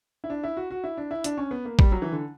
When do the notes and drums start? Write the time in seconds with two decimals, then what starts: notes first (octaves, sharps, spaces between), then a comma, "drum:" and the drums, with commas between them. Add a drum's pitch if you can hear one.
0.24 E4
0.30 D4
0.43 E4
0.57 F#4
0.71 F#4
0.84 E4
0.97 D4
1.11 E4
1.24 D4, drum: hi-hat
1.37 C#4
1.51 B3
1.65 A#3
1.79 G3, drum: kick
1.92 F#3
2.02 E3
2.12 D3